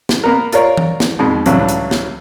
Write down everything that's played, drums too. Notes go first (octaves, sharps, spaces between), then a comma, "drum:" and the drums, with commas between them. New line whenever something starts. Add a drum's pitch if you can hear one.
drum: snare
A#3 B3 A#4
F4 A#4 C#5 D5, drum: hi-hat
drum: tom E3
drum: snare
F2 B2 D#3 G#3
C#2 A2 E3 F#3 G3 D4, drum: hi-hat
drum: hi-hat
drum: snare